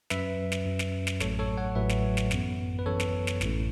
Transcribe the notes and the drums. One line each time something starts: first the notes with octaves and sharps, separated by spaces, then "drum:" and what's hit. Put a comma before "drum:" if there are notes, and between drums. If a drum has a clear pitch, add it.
F#2 F#3 C#4 B4 E5, drum: snare
drum: snare
F#2 F#3 C#4
drum: snare
drum: snare
A1 A2 F#3 A3 A4 C#5, drum: snare
A4 C#5
C#5 F#5
A1 A2 F#3 A3 B4 E5
drum: snare
drum: snare
F#2 E3 B3, drum: snare
B4
F#2 E3 B3 A4 C#5
drum: snare
drum: snare
A1 A2 E3 A3 C#4, drum: snare